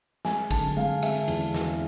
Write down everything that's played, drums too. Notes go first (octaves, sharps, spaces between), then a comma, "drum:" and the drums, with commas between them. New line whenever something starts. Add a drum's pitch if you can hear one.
G#3 G#5, drum: snare
D3 A5, drum: kick G#1, cymbal
G#3 F5
G#3 E5, drum: cymbal
E2, drum: cymbal
E2, drum: snare